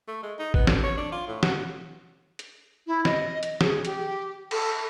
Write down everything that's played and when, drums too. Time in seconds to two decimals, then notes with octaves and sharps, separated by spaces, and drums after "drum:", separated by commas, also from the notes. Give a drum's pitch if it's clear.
0.08 A3
0.23 G#3
0.39 D#4
0.54 B3, drum: kick
0.67 D3, drum: snare
0.83 C#5
0.97 D4
1.12 F4
1.27 A2
1.43 F#4, drum: snare
2.39 drum: hi-hat
2.87 E4
3.05 D#5, drum: snare
3.43 drum: hi-hat
3.61 G#4, drum: snare
3.85 G4, drum: hi-hat
4.51 A4, drum: cymbal